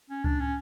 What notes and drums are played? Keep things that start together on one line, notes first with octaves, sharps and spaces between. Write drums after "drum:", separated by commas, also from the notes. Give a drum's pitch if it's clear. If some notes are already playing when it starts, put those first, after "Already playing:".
C#4
D4, drum: kick C#2
C#4